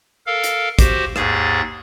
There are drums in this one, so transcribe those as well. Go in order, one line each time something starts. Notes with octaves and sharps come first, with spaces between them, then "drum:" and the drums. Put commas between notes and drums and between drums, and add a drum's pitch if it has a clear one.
A4 A#4 F5
drum: hi-hat
F#4 G4 C5, drum: kick, hi-hat
D#2 G#2 G#4 A6, drum: rim click